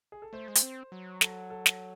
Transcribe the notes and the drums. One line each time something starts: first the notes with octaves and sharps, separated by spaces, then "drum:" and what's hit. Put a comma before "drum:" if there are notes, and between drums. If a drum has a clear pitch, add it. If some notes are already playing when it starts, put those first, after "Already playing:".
G#4
A4
A3 C5
G#3
A3, drum: hi-hat
C4
F#3
A4, drum: snare
A4
drum: snare